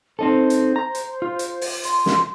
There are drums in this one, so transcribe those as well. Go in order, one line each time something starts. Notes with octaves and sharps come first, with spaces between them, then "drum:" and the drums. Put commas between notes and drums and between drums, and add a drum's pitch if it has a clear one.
C4 D#4 A4 C5
drum: hi-hat
A#5
drum: hi-hat
F4
drum: hi-hat
drum: open hi-hat
C6, drum: hi-hat
drum: snare